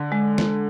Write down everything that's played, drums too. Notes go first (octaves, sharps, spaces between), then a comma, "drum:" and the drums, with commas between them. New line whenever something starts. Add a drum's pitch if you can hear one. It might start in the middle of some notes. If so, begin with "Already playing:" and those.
Already playing: D3
G#3
drum: snare